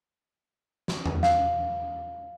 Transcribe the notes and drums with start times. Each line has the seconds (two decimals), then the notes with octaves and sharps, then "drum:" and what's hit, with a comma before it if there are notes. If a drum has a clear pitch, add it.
0.88 drum: snare
1.06 drum: tom E2
1.23 F5, drum: snare